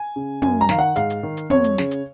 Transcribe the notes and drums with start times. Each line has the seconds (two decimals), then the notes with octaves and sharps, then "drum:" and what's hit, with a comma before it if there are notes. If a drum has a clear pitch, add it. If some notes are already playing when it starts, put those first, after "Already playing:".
Already playing: G#5
0.16 C#3
0.42 F#2 G#5, drum: tom
0.61 A#5
0.69 D#3 F5, drum: snare
0.79 F#5
0.96 G#2 F5, drum: hi-hat
1.10 drum: hi-hat
1.23 D#3
1.37 drum: hi-hat
1.50 F2 C#5, drum: tom
1.64 drum: hi-hat
1.78 C#3, drum: snare
1.91 drum: hi-hat